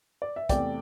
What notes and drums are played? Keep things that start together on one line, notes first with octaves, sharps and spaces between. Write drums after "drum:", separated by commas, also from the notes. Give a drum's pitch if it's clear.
D5
E5
E2 C3 A3 D5 G5, drum: kick, hi-hat